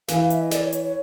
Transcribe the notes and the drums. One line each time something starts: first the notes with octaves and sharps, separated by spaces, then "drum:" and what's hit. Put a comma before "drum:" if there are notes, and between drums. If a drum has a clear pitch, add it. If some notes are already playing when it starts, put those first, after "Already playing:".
E3 F5, drum: snare
F5
E5, drum: hi-hat
D#5
D5, drum: snare
C#5
drum: hi-hat
C#5